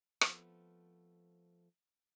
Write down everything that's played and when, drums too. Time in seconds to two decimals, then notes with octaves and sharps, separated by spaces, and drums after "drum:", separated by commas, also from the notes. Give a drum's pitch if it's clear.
0.21 F3 A3 B3 C4, drum: rim click